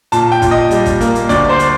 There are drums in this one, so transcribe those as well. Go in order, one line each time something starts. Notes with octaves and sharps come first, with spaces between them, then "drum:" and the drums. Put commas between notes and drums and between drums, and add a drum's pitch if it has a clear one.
A#2 A5, drum: hi-hat
G5
A#2, drum: kick, hi-hat
D#5
G3, drum: hi-hat
drum: kick, hi-hat
A#3, drum: hi-hat
drum: hi-hat
D2 D5, drum: kick, hi-hat
C5
drum: hi-hat